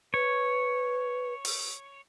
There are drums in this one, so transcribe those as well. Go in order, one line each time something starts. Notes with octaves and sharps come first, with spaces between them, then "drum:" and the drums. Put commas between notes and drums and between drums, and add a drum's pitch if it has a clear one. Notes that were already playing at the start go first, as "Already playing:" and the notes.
B4 C#5
drum: open hi-hat